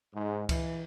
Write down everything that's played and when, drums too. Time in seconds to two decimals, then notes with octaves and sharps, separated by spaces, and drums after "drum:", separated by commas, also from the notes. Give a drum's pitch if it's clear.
0.14 G#2
0.49 E3, drum: kick C#2, cymbal